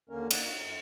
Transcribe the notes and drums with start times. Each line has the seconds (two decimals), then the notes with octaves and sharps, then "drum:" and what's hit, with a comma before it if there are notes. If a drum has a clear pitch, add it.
0.09 D#2 D3 A#3 C#4 A#4
0.31 A#3 D#4 C#5 D5 F#5, drum: cymbal
0.45 F#4 F5
0.59 F#2